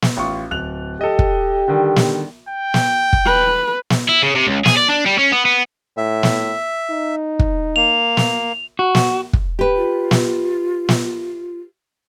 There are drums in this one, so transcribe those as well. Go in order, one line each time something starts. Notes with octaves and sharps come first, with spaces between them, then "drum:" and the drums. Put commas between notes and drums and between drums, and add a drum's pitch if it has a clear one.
drum: snare
A1 F4 C#6
D1 F#6 F7
G4 A4 D#5
drum: kick
D3 D#3 G3
drum: snare
G5
drum: snare
drum: kick
B4
drum: snare
E4
C#3
C3
C#2
G#4, drum: snare
D5
D4
G3
C#4
B3
B3
A2 E5
drum: snare
D#4
drum: kick
A#3 F7
drum: snare
F#4
drum: snare
drum: kick
G4 B4
F4
drum: snare
drum: snare